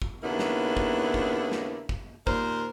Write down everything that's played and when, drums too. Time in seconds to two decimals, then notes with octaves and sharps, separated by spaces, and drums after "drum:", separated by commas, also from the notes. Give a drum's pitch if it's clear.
0.02 drum: kick
0.24 D#2 C#3 B3 D4 E4 A#4
0.39 drum: snare
0.77 drum: kick
1.14 drum: kick
1.52 drum: snare
1.89 drum: kick
2.27 D#2 A#2 A#4 C5, drum: kick